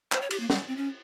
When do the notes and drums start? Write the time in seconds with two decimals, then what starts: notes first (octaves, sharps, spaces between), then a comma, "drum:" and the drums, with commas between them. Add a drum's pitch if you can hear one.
0.12 C5, drum: clap
0.21 C#5
0.31 G4, drum: cymbal
0.40 A#3
0.50 G3, drum: snare
0.67 C4
0.77 C#4